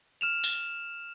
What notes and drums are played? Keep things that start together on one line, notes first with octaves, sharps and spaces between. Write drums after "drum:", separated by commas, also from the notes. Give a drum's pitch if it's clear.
F6 E7 F7
drum: tambourine